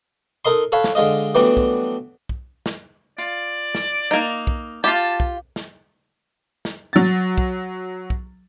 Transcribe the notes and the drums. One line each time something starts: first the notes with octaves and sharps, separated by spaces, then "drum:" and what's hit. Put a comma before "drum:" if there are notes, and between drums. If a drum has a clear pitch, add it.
D#4 A4 A#4 D#5 C6
A4 C#5 F5 F#5 A5 B5
drum: snare
D3 G#3 F4 D#5
E3 F#3 G3 A3 B3 D4
drum: kick
drum: kick
drum: snare
F4 D5
drum: snare
A#3 D#4
drum: kick
E4 F4 G4 A5
drum: kick
drum: snare
drum: snare
F#3 A6
drum: kick
drum: kick